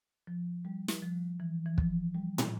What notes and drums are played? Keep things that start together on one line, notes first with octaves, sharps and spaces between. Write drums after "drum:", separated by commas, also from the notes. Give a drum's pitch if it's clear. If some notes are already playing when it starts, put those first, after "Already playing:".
F3
G3
drum: snare
F3
E3
E3
F3, drum: kick
G3
drum: tom